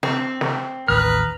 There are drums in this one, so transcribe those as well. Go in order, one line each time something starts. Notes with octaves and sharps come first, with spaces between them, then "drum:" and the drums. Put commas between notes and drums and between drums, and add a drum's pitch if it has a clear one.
C4, drum: snare
drum: snare
A1 D#2 B4 A#5 D#6 F6